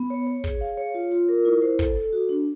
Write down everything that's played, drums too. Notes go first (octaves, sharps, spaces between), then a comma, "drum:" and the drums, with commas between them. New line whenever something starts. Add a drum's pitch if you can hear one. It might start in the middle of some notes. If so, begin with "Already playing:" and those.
Already playing: B3
C#5
C#5
G#4, drum: kick, hi-hat
F5
C#5
F4
F4, drum: hi-hat
A#4
E4
C5
A4, drum: kick, hi-hat
A4
F#4
D4